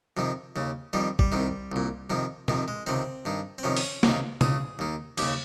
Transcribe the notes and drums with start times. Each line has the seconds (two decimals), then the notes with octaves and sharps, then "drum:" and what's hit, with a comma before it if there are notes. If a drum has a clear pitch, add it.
0.17 F2 C3 D#3
0.56 D#2 C#3
0.93 F2 D#3 G3
1.19 G3, drum: kick
1.32 C2 C3 D#3
1.72 C2 A#2
2.10 F2 C3 D#3
2.48 F2 C3 D#3, drum: tom B2
2.68 G#3
2.87 C#2 C3 D#3 C4
3.25 G2 D#3
3.58 C4
3.63 F2 C3 D#3 C#4
3.77 drum: open hi-hat
4.03 C#2 C3 D#3, drum: snare
4.41 C#2 C#3 G#4, drum: tom B2
4.79 D#2 D#3
5.18 D#2 C#3 G4, drum: cymbal